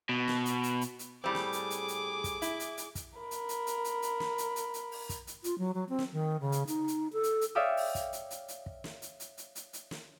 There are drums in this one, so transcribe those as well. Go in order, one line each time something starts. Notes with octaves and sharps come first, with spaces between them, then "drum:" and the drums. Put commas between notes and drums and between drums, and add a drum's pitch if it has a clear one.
B2
drum: snare
drum: hi-hat
drum: hi-hat
drum: hi-hat
drum: hi-hat
A2 G3 C4 G#4 D6
drum: snare
drum: hi-hat
drum: hi-hat
drum: hi-hat
drum: kick, hi-hat
E4, drum: hi-hat
drum: hi-hat
drum: hi-hat
drum: kick, hi-hat
A#4 B5
drum: hi-hat
drum: hi-hat
drum: hi-hat
drum: hi-hat
drum: hi-hat
drum: snare
drum: hi-hat
drum: hi-hat
drum: hi-hat
drum: open hi-hat
drum: kick, hi-hat
drum: hi-hat
F4, drum: hi-hat
F#3
F#3
C4
drum: snare
D#3
C#3
drum: hi-hat
D#4, drum: hi-hat
drum: hi-hat
A4
drum: hi-hat
drum: hi-hat
C#5 D5 E5 F5 G5 D#6
drum: open hi-hat
drum: kick, hi-hat
drum: hi-hat
drum: hi-hat
drum: hi-hat
drum: kick
drum: snare
drum: hi-hat
drum: hi-hat
drum: hi-hat
drum: hi-hat
drum: hi-hat
drum: snare